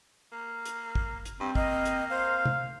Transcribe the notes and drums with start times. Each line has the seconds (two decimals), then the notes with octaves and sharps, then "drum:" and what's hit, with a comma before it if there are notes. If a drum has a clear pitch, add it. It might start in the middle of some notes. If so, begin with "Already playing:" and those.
0.32 A#3
0.65 drum: hi-hat
0.95 drum: kick
1.25 drum: hi-hat
1.40 G2 C4
1.55 A#3 D#5, drum: kick
1.85 drum: hi-hat
2.10 C5 F5
2.45 drum: tom